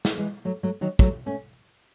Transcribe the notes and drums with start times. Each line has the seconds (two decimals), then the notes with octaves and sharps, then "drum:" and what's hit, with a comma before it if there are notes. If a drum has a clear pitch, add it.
0.05 drum: snare
0.18 E3 G#3
0.45 F#3 A3
0.63 F#3 A3
0.81 D#3 F#3
0.99 F#3 A3, drum: kick
1.26 A3 C#4